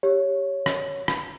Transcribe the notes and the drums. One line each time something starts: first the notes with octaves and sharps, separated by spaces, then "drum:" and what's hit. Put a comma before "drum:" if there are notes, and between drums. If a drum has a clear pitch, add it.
G4 C#5
drum: rim click
drum: rim click